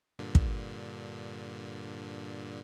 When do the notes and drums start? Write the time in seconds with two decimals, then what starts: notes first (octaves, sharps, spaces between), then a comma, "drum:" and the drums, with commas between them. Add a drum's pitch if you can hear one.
0.19 G2 A#2 D3
0.35 drum: kick